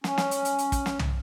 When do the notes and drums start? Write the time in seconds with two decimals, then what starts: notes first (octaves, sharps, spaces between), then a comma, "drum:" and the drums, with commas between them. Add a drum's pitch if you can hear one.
0.04 C#4, drum: snare
0.18 drum: snare
0.31 drum: hi-hat
0.45 drum: hi-hat
0.58 drum: hi-hat
0.72 drum: kick, hi-hat
0.86 drum: snare
0.99 drum: tom